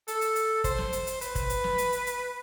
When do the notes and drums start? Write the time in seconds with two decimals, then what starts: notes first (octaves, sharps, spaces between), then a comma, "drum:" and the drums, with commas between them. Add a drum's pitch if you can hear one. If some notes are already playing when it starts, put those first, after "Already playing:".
0.08 A4, drum: hi-hat
0.21 drum: hi-hat
0.36 drum: hi-hat
0.64 C5, drum: kick, hi-hat
0.78 drum: snare
0.93 drum: hi-hat
1.07 drum: hi-hat
1.21 B4, drum: hi-hat
1.35 drum: kick, hi-hat
1.50 drum: hi-hat
1.64 drum: snare
1.78 drum: hi-hat
1.92 drum: hi-hat
2.07 drum: hi-hat